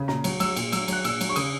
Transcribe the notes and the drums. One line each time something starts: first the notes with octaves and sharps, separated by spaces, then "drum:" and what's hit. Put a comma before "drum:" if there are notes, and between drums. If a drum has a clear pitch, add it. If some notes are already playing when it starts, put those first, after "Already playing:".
Already playing: C#3
A#2 A#5, drum: snare
F#3, drum: cymbal
F#3 E6, drum: cymbal
A#2, drum: cymbal
F#3 E6, drum: cymbal
F#3 F#6, drum: cymbal
A#2 E6, drum: cymbal
F#3, drum: cymbal
C#6
C#3 D#6, drum: cymbal